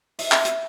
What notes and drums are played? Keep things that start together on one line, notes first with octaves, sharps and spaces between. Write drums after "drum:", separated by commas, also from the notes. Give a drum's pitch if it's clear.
E5, drum: open hi-hat
drum: clap
drum: hi-hat